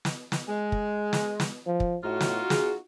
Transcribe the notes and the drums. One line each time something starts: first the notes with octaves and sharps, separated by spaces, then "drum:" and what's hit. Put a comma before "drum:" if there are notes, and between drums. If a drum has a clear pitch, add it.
drum: snare
drum: snare
G#3
drum: kick
drum: snare
drum: snare
F3
drum: kick
A2 D#4 F4 F#4
drum: snare
G#4, drum: snare